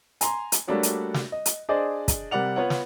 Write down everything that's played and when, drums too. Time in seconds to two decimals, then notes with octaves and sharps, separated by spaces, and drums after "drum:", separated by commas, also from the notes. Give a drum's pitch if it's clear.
0.21 G#5 A#5 C6, drum: hi-hat
0.52 drum: hi-hat
0.67 G3 A3 A#3 D4 F#4 C#5
0.83 drum: hi-hat
1.14 drum: snare
1.32 D#5
1.46 drum: hi-hat
1.69 D4 G#4 C5 D5 D#5
2.08 drum: kick, hi-hat
2.31 C3 G3 A#4 D5 F#5 F7
2.56 B3 F4 B4 C#5 F#5
2.70 drum: snare